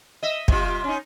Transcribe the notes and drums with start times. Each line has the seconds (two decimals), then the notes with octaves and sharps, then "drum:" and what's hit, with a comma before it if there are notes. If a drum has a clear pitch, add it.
0.23 D#5 E5
0.48 C3 G3 F4, drum: kick
0.84 C#4 D#4